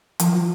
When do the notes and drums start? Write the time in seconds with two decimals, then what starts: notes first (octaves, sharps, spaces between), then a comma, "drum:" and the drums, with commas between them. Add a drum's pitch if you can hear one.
0.20 F3, drum: hi-hat
0.34 F3